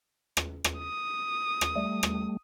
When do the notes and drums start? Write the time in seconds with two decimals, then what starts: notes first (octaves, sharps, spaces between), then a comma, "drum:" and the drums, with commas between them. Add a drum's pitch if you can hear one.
0.37 drum: rim click
0.64 drum: rim click
0.78 D#6
1.61 drum: rim click
1.76 G3 A3
2.03 drum: rim click